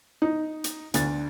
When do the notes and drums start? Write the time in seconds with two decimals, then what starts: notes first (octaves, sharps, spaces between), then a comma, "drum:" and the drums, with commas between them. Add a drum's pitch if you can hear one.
0.22 D#4
0.64 drum: hi-hat
0.94 D2 D3 A6, drum: hi-hat